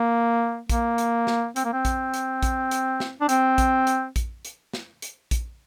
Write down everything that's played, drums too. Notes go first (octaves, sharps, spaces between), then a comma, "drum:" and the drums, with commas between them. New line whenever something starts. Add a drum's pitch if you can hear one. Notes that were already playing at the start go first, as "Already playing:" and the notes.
Already playing: A#3
A#3, drum: kick A#1, hi-hat
drum: hi-hat
drum: snare
C4, drum: hi-hat
A#3
C4
drum: kick A#1, hi-hat
drum: hi-hat
drum: kick A#1, hi-hat
drum: hi-hat
drum: snare
D4
C4, drum: hi-hat
drum: kick A#1, hi-hat
drum: hi-hat
drum: kick A#1, hi-hat
drum: hi-hat
drum: snare
drum: hi-hat
drum: kick A#1, hi-hat